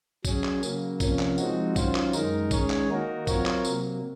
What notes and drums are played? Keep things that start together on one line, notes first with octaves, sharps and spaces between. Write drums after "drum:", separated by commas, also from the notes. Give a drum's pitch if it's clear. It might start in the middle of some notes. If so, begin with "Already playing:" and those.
F#3 C#4 G#4, drum: kick, tambourine
drum: clap
C#3 F#3 A#3, drum: tambourine
C3 F3 A#3 C#4, drum: kick, tambourine
drum: clap
F3 G#3 C4 D#4 F#4, drum: tambourine
D#3 F#3 C#4 F4 C5, drum: kick, tambourine
drum: clap
F#2 D#3 G#3 D#4 A#4, drum: tambourine
D#3 G#3 C#4 G#4 C#5, drum: kick, tambourine
drum: clap
D#3 A#3 D#4 F#4 A#4
F#3 C4 F4 A#4 C#5, drum: kick, tambourine
drum: clap
C3 F#3 A#3, drum: tambourine